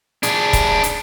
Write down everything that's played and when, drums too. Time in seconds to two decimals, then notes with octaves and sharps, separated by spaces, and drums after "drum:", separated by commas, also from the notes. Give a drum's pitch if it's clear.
0.23 D4 G#4, drum: hi-hat
0.53 drum: kick, hi-hat
0.83 drum: hi-hat